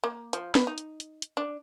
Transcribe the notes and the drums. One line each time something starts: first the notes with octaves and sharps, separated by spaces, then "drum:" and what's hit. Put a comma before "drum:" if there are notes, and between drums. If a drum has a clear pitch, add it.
A#3
F3, drum: hi-hat
B4, drum: snare
D#4
drum: hi-hat
drum: hi-hat
drum: hi-hat
D4